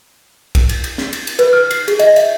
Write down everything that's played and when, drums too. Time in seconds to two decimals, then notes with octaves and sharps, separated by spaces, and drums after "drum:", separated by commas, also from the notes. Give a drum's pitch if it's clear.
0.55 drum: kick, cymbal
0.69 drum: cymbal
0.84 drum: cymbal
0.98 drum: snare
1.13 drum: cymbal
1.27 drum: cymbal
1.39 B4, drum: cymbal
1.53 F6
1.71 C7, drum: cymbal
1.88 G#4, drum: cymbal
1.99 D#5, drum: cymbal
2.16 E5, drum: cymbal